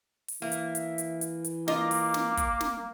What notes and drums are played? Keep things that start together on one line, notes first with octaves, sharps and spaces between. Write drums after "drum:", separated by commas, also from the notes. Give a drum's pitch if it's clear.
drum: open hi-hat
E3 A#3 E5
drum: hi-hat
drum: hi-hat
drum: hi-hat
drum: hi-hat
drum: hi-hat
A#3 F4 D#5 D6, drum: snare
drum: open hi-hat
drum: snare
drum: kick, hi-hat
drum: snare